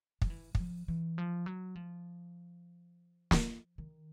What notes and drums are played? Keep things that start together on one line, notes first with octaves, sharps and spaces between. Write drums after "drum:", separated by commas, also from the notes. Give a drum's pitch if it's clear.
F3, drum: kick
E3
E3, drum: kick
F3
E3
F3
F#3
F3
drum: snare
D#3